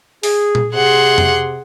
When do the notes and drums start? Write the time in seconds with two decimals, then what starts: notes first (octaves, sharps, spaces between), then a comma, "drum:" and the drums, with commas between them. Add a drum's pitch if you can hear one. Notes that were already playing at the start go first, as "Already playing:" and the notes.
0.23 G#4, drum: open hi-hat
0.55 drum: tom A#2
0.74 C3 G#4 F#5 C6
1.18 drum: tom F2